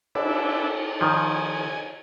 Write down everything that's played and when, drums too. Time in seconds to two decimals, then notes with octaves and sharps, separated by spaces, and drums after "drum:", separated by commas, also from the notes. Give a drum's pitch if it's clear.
0.15 D4 E4, drum: cymbal
1.01 D#3 F3 G#5